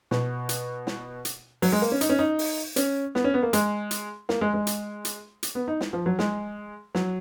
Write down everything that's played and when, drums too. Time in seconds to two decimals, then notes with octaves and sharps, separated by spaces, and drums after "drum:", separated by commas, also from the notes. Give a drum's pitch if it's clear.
0.11 B2, drum: snare
0.49 drum: hi-hat
0.87 drum: snare
1.25 drum: hi-hat
1.62 F#3, drum: open hi-hat
1.72 G#3
1.82 A#3
1.92 C#4
2.01 D#4, drum: hi-hat
2.09 C#4
2.19 D#4
2.39 drum: open hi-hat
2.76 C#4, drum: hi-hat
3.15 B3, drum: snare
3.24 C#4
3.34 B3
3.43 A#3
3.53 G#3, drum: hi-hat
3.91 drum: hi-hat
4.29 A#3, drum: snare
4.41 G#3
4.54 G#3
4.67 drum: hi-hat
5.05 drum: hi-hat
5.43 drum: hi-hat
5.55 B3
5.68 D#4
5.81 drum: snare
5.93 F3
6.06 F#3
6.19 G#3, drum: snare
6.95 F#3, drum: snare